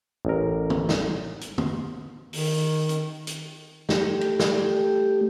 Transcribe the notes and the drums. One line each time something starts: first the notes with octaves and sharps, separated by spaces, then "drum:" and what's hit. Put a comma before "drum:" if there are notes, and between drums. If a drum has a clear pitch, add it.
A1 A#4
drum: tom
drum: snare
drum: hi-hat
drum: tom
D#3, drum: open hi-hat
drum: hi-hat
drum: hi-hat
A3 G4, drum: snare
drum: cymbal
drum: snare